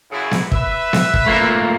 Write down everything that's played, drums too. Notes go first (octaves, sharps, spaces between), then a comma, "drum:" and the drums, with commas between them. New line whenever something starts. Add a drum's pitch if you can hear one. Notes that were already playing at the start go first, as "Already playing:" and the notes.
F#2 C#3 E4
drum: snare B3
B4 E5, drum: kick
drum: snare B3
drum: kick
A3 A#3 F4